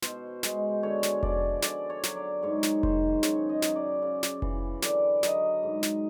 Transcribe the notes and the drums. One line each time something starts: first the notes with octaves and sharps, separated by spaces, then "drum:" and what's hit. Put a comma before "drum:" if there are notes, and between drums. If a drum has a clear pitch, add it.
B2 C5, drum: snare
G#3, drum: snare
D3 C#5
drum: snare
F3 D5, drum: kick F1
D3 D5, drum: snare
C#5
F#3, drum: snare
D5
G#2 C#5
drum: snare
D#3 C5, drum: kick F1
C#3 C#5, drum: snare
D#5
F#3, drum: snare
D5
C#3
drum: snare
E3, drum: kick F1
D3 D5, drum: snare
F#3 D#5, drum: snare
G#2
drum: snare